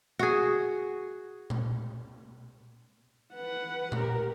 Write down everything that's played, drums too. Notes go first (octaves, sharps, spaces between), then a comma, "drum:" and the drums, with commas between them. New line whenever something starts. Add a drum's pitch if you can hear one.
F#4 G#4
drum: tom A#2
B4 F#5
G4 A#4, drum: tom A#2